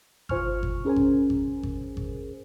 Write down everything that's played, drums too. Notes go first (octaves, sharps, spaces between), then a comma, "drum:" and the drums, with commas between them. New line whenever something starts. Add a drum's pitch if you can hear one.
G1 F4 C5 G#5 C#6 F6, drum: kick G#1
drum: kick G#1
C#4 G#4 A#4 C5 G#5
drum: kick G#1
drum: kick G#1
drum: kick G#1
drum: kick G#1